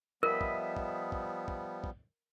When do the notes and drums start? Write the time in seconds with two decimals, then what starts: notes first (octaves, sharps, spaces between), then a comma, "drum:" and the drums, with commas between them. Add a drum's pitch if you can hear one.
0.23 F3 G3 B3 A#4 D#5 E5 B5
0.41 drum: kick
0.77 drum: kick
1.12 drum: kick
1.48 drum: kick
1.84 drum: kick